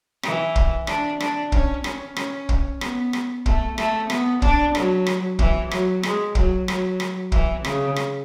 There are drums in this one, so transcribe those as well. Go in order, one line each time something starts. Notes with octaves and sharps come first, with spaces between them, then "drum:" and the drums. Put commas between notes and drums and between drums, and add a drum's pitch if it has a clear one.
E3, drum: rim click
drum: kick
D4, drum: rim click
D4, drum: rim click
C#4, drum: kick
C#4, drum: rim click
C#4, drum: rim click
drum: kick
B3, drum: rim click
drum: rim click
A3, drum: kick
A3, drum: rim click
B3, drum: rim click
D4, drum: kick
F#3, drum: rim click
drum: rim click
E3, drum: kick
F#3, drum: rim click
G#3, drum: rim click
F#3, drum: kick
F#3, drum: rim click
drum: rim click
E3, drum: kick
C#3, drum: rim click
drum: rim click